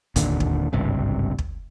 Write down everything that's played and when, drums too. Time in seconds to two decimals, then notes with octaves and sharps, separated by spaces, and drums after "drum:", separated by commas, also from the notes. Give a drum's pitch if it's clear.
0.16 D#2 A#2 D3, drum: kick, hi-hat
0.40 drum: kick
0.73 G#1 C#2 G2 C3
1.39 drum: kick